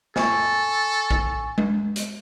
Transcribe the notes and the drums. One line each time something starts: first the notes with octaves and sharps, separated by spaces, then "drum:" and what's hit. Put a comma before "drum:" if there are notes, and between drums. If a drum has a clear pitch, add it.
A4 G#5 C#6, drum: snare
drum: kick A#1
drum: tom G#3
drum: hi-hat